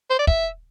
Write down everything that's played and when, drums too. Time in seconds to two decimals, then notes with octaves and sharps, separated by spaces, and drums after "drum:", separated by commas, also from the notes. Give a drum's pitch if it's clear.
0.10 C5
0.19 D5
0.27 E5, drum: kick